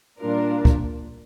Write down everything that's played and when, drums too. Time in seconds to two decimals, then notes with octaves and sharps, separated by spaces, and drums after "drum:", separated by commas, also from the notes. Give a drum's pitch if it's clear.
0.19 A#2 G3 D4 F4 A#4
0.65 drum: kick